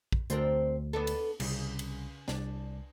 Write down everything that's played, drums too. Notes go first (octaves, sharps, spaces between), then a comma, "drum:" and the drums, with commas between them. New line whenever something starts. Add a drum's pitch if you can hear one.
drum: kick
D2 C4 D4 A#4, drum: hi-hat
B3 D4 A4
drum: cymbal
C2 C#3, drum: cymbal
drum: cymbal
C2 D4, drum: snare